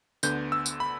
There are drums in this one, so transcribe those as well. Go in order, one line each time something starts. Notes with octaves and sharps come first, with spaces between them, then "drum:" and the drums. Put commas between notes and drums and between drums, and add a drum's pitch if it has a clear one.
D2 D3 B3 G6, drum: tambourine
E6
drum: tambourine
B5